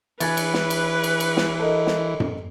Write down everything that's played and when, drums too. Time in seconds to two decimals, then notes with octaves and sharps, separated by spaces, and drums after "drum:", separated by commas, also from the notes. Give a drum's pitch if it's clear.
0.20 E3 B4 G#5 G#6 A6, drum: cymbal
0.37 drum: cymbal
0.54 drum: snare
0.70 drum: cymbal
1.04 drum: cymbal
1.20 drum: cymbal
1.37 drum: snare
1.59 A4 A#4 D#5
1.87 drum: snare
2.20 drum: tom F#2